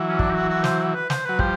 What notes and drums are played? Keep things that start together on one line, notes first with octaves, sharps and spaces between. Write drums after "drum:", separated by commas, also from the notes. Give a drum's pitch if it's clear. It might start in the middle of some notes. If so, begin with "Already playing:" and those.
Already playing: E3 F#3
C#4
D4, drum: kick
G4
F#4
F#4
C5, drum: snare
B4
C5, drum: snare
F#3 B4
F3 G3 C5, drum: kick